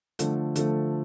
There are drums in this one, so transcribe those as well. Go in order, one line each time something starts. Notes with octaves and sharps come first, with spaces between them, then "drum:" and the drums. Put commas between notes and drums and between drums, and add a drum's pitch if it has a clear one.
D3 F3 A3, drum: hi-hat
D3 F3 A3, drum: hi-hat